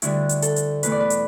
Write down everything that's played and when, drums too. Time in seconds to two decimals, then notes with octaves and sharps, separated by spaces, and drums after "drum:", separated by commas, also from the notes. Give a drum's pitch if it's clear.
0.02 D2 D3 G3 E4, drum: hi-hat
0.29 drum: hi-hat
0.42 A4, drum: hi-hat
0.56 drum: hi-hat
0.83 E2 B2 A3 B4, drum: hi-hat
0.92 D5
1.00 B4
1.10 drum: hi-hat